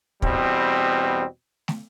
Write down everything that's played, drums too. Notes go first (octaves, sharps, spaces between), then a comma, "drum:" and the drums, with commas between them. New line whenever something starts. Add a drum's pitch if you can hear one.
E2 B2 G3 C4, drum: kick
drum: snare